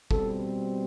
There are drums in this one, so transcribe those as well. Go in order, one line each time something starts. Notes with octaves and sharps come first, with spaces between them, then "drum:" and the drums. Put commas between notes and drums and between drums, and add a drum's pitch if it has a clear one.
B2 G3 C4 A4, drum: kick